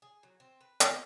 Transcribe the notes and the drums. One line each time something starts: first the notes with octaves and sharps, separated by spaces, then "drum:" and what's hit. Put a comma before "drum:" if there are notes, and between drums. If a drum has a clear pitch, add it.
G#4
F#3
C4
B4
D3, drum: hi-hat